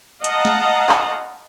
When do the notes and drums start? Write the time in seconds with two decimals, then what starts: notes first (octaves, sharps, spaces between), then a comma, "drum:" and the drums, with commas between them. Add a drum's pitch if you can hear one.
0.24 D#5 F5 F#5 A5 A#5, drum: hi-hat
0.45 drum: snare
0.89 drum: clap